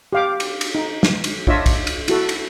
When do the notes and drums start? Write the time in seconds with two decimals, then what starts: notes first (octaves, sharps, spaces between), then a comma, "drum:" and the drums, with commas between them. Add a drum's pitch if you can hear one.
0.13 G4 F5 D6
0.40 drum: cymbal
0.61 drum: cymbal
0.75 D#4
1.03 drum: snare
1.24 drum: cymbal
1.47 D4 F4 C#5 D#5 E5, drum: kick
1.66 drum: kick, cymbal
1.87 drum: cymbal
2.08 E4 F#4 A4, drum: cymbal
2.29 drum: cymbal